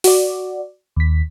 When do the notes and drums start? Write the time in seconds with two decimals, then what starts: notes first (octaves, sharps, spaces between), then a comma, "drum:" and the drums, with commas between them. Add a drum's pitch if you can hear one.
0.04 F#4 D5, drum: open hi-hat
0.97 D#2 B6